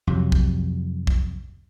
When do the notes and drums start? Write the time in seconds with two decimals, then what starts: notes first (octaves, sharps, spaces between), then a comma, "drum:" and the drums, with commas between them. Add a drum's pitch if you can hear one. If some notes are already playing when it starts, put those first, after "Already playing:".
0.07 F2 C3 F#3
0.32 drum: kick
1.07 drum: kick